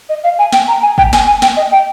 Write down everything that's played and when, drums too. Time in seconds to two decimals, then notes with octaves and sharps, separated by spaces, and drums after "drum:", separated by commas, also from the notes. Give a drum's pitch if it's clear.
0.09 D#5
0.24 F5
0.39 G#5
0.52 G5, drum: snare
0.68 A#5
0.82 G#5
0.98 G5, drum: kick
1.13 G#5, drum: snare
1.27 G#5
1.42 G5, drum: snare
1.57 D#5
1.72 G5